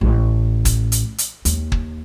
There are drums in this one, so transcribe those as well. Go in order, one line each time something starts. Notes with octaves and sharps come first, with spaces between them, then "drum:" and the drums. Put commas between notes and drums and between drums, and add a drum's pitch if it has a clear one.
A1
drum: kick, hi-hat
drum: hi-hat
drum: hi-hat
D#2, drum: hi-hat
drum: kick